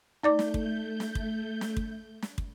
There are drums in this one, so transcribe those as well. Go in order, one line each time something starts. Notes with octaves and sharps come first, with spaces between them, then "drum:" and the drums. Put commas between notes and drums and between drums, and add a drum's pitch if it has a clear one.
A3 D#4 D5 D6 G6
drum: snare
drum: kick
drum: snare
drum: kick
drum: snare
drum: kick
drum: snare
drum: kick